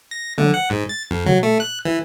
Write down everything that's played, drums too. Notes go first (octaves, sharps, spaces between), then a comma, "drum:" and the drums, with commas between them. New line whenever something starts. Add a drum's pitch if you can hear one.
A#6
D3, drum: tom
F#5
G#2
A6
F2
F#3, drum: tom
A3
F#6
E3